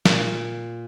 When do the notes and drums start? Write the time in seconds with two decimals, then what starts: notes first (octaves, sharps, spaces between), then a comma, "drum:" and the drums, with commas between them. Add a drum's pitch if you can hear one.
0.05 A#2, drum: snare